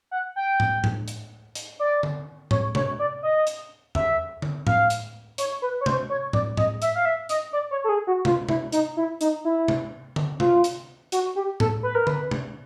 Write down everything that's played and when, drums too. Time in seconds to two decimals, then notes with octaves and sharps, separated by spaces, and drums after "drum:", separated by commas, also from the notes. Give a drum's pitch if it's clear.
0.11 F#5
0.36 G5
0.60 drum: tom A2
0.84 drum: tom A2
1.08 drum: hi-hat
1.55 drum: hi-hat
1.79 D5
2.03 drum: tom D3
2.51 C#5, drum: tom A2
2.75 C#5, drum: tom C3
2.99 D5
3.23 D#5
3.47 drum: hi-hat
3.95 E5, drum: tom E2
4.42 drum: tom D3
4.67 F5, drum: tom A2
4.90 drum: hi-hat
5.38 C#5, drum: hi-hat
5.62 B4
5.81 C#5
5.86 C5, drum: tom C3
6.09 C#5
6.33 D5, drum: tom A2
6.57 D#5, drum: tom A2
6.82 E5, drum: hi-hat
6.95 F5
7.05 E5
7.29 D#5, drum: hi-hat
7.53 D5
7.71 C#5
7.84 A4
7.89 G#4
8.07 F#4
8.25 F4, drum: tom C3
8.49 E4, drum: tom C3
8.72 D#4, drum: hi-hat
8.97 E4
9.21 D#4, drum: hi-hat
9.45 E4
9.68 drum: tom C3
10.16 drum: tom D3
10.40 F4, drum: tom C3
10.64 drum: hi-hat
11.12 F#4, drum: hi-hat
11.36 G4
11.60 A4, drum: tom A2
11.83 B4
11.95 A#4
12.07 B4, drum: tom D3
12.31 drum: tom C3